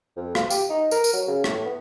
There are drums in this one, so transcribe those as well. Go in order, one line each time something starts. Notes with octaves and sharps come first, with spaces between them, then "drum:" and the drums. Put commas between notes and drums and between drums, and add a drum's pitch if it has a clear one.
F2
F4, drum: rim click
G4, drum: tambourine
D#4
A#4, drum: tambourine
drum: tambourine
F#3
C#3
A2, drum: rim click
B3